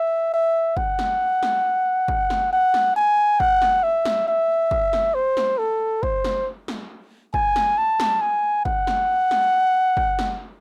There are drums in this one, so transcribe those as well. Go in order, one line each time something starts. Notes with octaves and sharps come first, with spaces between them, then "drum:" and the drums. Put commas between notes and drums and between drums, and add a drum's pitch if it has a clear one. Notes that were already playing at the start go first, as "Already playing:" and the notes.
Already playing: E5
E5
F#5, drum: kick
drum: snare
drum: snare
drum: kick
drum: snare
F#5
drum: snare
G#5
F#5, drum: kick
drum: snare
E5
drum: snare
E5
drum: kick
drum: snare
C5
drum: snare
A4
C5, drum: kick
drum: snare
drum: snare
G#5, drum: kick
drum: snare
A5
drum: snare
G#5
F#5, drum: kick
drum: snare
drum: snare
drum: kick
drum: snare